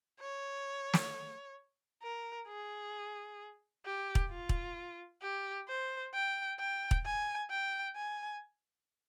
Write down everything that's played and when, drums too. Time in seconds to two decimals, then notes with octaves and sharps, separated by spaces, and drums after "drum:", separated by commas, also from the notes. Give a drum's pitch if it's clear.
0.21 C#5
0.94 drum: snare
2.03 A#4
2.48 G#4
3.86 G4
4.15 drum: kick
4.31 F4
4.49 drum: kick
5.22 G4
5.69 C5
6.14 G5
6.60 G5
6.91 drum: kick
7.06 G#5
7.51 G5
7.96 G#5